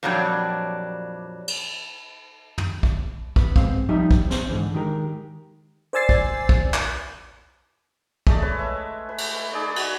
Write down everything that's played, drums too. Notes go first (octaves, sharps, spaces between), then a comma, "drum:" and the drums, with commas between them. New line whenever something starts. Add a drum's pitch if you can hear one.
F2 A#2 F#3 G3 D4 C#5
drum: cymbal
drum: tom
drum: kick
B3, drum: kick
G#2 C4 F5, drum: kick
F3 G3 D#4 G4 E5
drum: kick
C5, drum: snare
G#2 D3 E3
D#3 G#3 G4 A#4
C5 D5 G#5 E6 A6 C7
drum: kick
drum: kick
drum: clap
G#3 A3 D5 A5, drum: kick
B4 C#5
E5
B4
drum: cymbal
D#3 G#4 D5 C#6
F#4, drum: cymbal